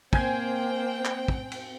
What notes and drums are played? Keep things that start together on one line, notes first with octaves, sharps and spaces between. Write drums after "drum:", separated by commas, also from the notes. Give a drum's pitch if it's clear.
A#3 C4 C5 G5 G#5 G6 G#6, drum: kick
drum: clap
drum: kick
drum: cymbal